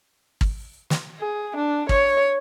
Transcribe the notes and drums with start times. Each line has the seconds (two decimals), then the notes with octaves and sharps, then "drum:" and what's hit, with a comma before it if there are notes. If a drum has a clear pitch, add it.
0.41 drum: kick G#1
0.90 drum: snare
1.20 G#4
1.56 D4
1.89 C#5, drum: kick G#1